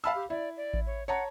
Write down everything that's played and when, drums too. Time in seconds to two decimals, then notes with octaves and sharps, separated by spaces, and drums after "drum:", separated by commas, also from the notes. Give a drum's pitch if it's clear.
0.04 F5 A5 B5 E6
0.15 G4
0.30 E4 D5
0.57 D5
0.74 drum: kick A1
0.87 C#5
1.08 C#5 F#5 A5 A#5